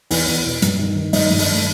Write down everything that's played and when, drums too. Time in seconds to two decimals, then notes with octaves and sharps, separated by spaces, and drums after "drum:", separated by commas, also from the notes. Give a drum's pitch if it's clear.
0.11 E2, drum: open hi-hat
0.27 E2
0.45 B2
0.62 G2, drum: hi-hat
0.79 D#3
0.96 D#3
1.13 G2 D#4, drum: open hi-hat
1.31 G2 D#4
1.39 D4, drum: open hi-hat
1.47 D#3
1.54 A3